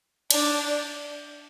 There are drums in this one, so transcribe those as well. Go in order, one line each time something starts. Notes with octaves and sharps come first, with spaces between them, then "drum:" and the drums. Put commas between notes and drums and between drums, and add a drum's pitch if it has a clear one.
D4, drum: cymbal